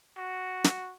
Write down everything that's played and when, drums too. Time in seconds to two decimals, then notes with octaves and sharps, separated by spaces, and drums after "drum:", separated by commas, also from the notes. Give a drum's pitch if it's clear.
0.18 F#4
0.64 drum: snare